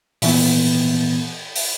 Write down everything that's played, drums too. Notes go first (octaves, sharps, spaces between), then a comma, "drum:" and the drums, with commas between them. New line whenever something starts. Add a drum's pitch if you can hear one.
A#2 E3 B3, drum: open hi-hat
drum: open hi-hat